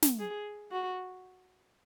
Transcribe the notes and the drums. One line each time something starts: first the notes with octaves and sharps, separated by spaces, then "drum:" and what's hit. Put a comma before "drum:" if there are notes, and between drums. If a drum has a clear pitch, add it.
drum: snare
G#4
F#4